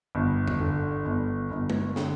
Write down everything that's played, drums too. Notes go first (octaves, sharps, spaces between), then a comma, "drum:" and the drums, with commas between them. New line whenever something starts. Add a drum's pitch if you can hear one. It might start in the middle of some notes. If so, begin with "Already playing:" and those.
G1
drum: tom E2
D3
G1
G1
drum: tom G#3
D3, drum: snare